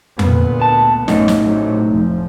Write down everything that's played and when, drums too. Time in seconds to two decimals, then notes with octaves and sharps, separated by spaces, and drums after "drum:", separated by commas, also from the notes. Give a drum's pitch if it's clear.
0.19 D2 A#2 B3, drum: tom F2
0.62 A5
1.08 A1 F#2 A3 D#4, drum: snare
1.28 drum: snare
1.42 A2 C3 F#3
1.90 F1 F3